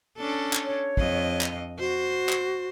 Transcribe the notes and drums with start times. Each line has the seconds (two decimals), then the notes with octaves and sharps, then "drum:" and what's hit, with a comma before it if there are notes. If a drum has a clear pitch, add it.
0.18 C#4 D4 A4
0.53 drum: clap
0.65 C#5
0.97 F2 D#5, drum: kick
1.41 drum: clap
1.79 F#4 C5
2.29 drum: clap